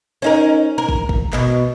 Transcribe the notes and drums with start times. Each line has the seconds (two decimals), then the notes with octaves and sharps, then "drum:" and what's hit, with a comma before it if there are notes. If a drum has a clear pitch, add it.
0.22 C#4 D#4 A#4
0.78 A#4
0.89 drum: kick
1.09 drum: kick
1.33 B2, drum: clap